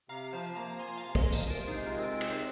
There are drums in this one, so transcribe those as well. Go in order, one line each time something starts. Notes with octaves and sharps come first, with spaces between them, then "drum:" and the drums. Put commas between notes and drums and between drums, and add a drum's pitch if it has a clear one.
C3 F5 A#5
F3 C5 F5
A#3 F5 A#5
F4 G#5 C6
F5 A#5
C3
D#5 G#5, drum: kick
F3
C5 F5, drum: tambourine
C3 F4 A#4
D#4 G#4
G#3
F4 A#4
C4
F4 A#4
C3 G#4 C5, drum: cymbal